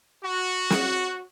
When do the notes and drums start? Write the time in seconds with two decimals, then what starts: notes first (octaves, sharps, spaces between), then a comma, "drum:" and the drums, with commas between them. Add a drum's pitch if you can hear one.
0.23 F#4
0.70 drum: snare